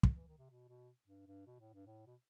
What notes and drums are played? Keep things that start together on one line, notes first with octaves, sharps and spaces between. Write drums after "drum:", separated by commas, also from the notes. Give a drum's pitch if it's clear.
drum: kick
E3
D#3
C3
B2
B2
G2
G2
B2
A2
G2
A2
B2